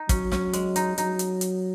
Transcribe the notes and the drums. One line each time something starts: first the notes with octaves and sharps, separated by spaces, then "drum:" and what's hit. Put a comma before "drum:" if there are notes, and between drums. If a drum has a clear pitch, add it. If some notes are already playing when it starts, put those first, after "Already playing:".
Already playing: D#4
F#3 C#4, drum: kick, hi-hat
C#4, drum: snare
G#3, drum: hi-hat
D#4, drum: hi-hat
F#3 D#4, drum: hi-hat
drum: hi-hat
drum: hi-hat